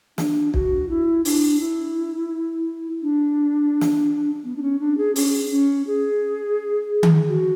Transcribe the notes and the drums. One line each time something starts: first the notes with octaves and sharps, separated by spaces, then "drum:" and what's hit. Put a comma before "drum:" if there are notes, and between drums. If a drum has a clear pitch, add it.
D4, drum: snare
F#4, drum: kick
E4
D4, drum: open hi-hat
E4
D4
drum: snare
B3
D4
C#4
D4
G#4
C#4, drum: open hi-hat
C#4
G#4
drum: tom D#3
F#4